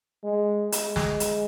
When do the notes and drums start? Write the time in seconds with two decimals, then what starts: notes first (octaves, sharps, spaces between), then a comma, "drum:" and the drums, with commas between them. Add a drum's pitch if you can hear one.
0.24 G#3
0.72 G#3, drum: hi-hat
0.96 drum: snare
1.20 drum: hi-hat